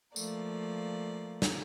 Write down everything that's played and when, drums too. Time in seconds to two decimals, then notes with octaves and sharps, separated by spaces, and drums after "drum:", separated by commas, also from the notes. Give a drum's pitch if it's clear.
0.16 F3 A3 A#3 D5, drum: tambourine
1.42 drum: snare